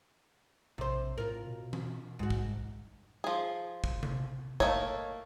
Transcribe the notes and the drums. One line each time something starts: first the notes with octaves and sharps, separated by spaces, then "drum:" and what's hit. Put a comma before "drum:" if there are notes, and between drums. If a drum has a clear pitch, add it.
A#1 C3 C5
A2 F4 A#4
B2
drum: tom E3
C2 G#2 F#4
drum: kick
F3 G#4
drum: kick
drum: tom C3
A3 A#3 D#4 A4 C#5, drum: kick